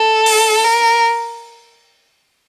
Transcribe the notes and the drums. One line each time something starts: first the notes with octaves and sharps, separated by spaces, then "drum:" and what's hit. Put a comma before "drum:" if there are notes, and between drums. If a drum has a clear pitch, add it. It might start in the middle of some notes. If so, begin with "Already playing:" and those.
Already playing: A4
drum: open hi-hat
A#4